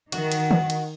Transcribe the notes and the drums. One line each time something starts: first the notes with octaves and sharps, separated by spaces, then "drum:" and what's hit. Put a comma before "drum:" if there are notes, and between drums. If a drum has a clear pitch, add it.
D#3 F#4, drum: cymbal
drum: cymbal
drum: tom D#3
drum: cymbal